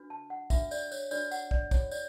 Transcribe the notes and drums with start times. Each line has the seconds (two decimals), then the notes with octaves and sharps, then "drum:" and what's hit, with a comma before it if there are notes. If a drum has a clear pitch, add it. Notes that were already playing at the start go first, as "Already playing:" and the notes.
Already playing: D4 F#4 B4
0.10 A5
0.30 F#5
0.50 D4 F#4 B4 E5, drum: kick, tambourine
0.71 D5, drum: tambourine
0.91 C#5, drum: tambourine
1.11 D4 F#4 B4 D5, drum: tambourine
1.31 F#5, drum: tambourine
1.51 D5, drum: kick
1.71 F#4 C#5, drum: kick, tambourine
1.91 D5, drum: tambourine